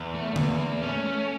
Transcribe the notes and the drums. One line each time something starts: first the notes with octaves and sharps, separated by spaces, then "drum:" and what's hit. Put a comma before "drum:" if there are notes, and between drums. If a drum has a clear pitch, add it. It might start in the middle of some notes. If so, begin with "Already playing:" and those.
Already playing: E2
A3
A3
E2 A#3, drum: tom D3
A#3
A3 C#4
G#3
A3